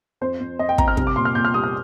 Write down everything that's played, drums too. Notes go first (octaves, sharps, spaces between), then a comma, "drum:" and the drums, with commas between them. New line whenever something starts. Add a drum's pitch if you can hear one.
F2 C5
F2
F2 D#5
G5
F2 A#5, drum: kick
F6
C2, drum: kick
D6
A#2 C6
F6
A#2 G6
F6
G3 D#6
F6